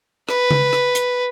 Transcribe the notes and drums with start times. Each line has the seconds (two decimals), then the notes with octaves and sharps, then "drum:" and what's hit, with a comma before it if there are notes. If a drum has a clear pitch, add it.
0.29 B4, drum: rim click
0.51 drum: tom C#3
0.73 drum: rim click
0.95 drum: hi-hat